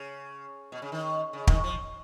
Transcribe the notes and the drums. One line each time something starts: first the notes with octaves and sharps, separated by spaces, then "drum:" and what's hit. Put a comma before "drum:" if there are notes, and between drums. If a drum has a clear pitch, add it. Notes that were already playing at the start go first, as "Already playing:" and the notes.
Already playing: C#3
B2
C#3
D#3
C#3
D#3, drum: kick
F3